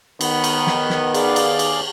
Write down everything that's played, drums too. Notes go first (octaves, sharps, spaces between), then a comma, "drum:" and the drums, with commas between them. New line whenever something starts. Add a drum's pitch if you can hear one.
D#3 B3, drum: cymbal
drum: cymbal
drum: snare
drum: snare
G#4 D5 F5, drum: cymbal
drum: cymbal
drum: cymbal